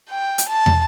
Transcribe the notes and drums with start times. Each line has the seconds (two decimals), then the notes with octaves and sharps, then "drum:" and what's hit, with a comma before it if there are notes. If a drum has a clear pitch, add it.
0.10 G5
0.38 drum: hi-hat
0.49 A5
0.66 drum: tom